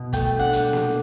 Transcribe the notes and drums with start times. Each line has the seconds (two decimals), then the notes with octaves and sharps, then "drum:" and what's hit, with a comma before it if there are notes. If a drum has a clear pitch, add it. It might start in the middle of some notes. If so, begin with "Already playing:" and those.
Already playing: B2
0.13 A3 G5, drum: kick, hi-hat
0.39 D4 F#5
0.53 drum: hi-hat
0.73 drum: snare A#3